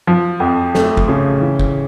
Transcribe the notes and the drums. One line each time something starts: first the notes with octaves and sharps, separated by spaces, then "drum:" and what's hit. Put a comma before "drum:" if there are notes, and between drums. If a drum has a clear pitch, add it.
F3
F2
A3, drum: snare
drum: kick
C#3
E3
drum: kick